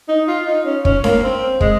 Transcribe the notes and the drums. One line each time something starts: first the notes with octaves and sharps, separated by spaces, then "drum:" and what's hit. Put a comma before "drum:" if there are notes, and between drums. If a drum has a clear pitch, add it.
D#4
F4
D#4
C#4
C#4, drum: kick
A#3, drum: snare D4
C4
G#3, drum: kick